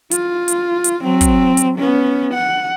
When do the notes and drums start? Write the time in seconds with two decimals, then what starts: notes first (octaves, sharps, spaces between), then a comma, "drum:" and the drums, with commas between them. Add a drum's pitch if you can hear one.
0.11 F4, drum: hi-hat
0.48 drum: hi-hat
0.84 drum: hi-hat
1.02 F#3 C4
1.21 drum: kick, hi-hat
1.57 drum: hi-hat
1.78 B3 C#4
2.34 F#5